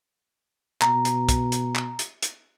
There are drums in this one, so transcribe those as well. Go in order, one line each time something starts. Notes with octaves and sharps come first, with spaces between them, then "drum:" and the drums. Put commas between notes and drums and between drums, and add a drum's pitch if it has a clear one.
B2 A#5, drum: clap
drum: hi-hat
drum: kick, hi-hat
drum: hi-hat
drum: clap
drum: hi-hat
drum: hi-hat